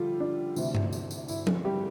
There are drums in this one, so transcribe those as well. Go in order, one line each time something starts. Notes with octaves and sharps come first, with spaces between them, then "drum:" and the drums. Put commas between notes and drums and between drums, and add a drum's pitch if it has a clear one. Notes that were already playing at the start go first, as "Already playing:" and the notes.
Already playing: D3 F3 G3 F4 G4 A4
D4
D2 C3 E3, drum: tambourine
drum: tom G2
drum: tambourine
drum: tambourine
E4, drum: tambourine
drum: tom F3
G3 G4